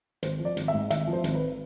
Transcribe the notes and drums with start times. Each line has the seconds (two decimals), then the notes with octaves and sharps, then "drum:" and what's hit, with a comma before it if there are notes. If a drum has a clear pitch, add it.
0.23 G#1 C5, drum: hi-hat
0.40 F3
0.45 D5
0.57 G#1, drum: hi-hat
0.68 E5
0.74 G#2
0.90 G#1 E5, drum: hi-hat
1.07 F3
1.13 C5
1.24 G#1, drum: hi-hat
1.35 B4